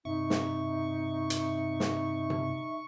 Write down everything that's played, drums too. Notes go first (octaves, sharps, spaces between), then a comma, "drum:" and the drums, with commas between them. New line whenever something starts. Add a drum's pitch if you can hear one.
G2 C3 C4 D#4 E5 C#6
drum: snare
drum: hi-hat
drum: snare
drum: tom C3